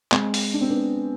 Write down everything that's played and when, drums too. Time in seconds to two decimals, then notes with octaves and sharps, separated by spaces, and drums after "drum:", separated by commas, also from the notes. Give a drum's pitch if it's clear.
0.12 G#3 C4, drum: clap
0.34 drum: open hi-hat
0.54 D4
0.61 C4
0.70 B3 D4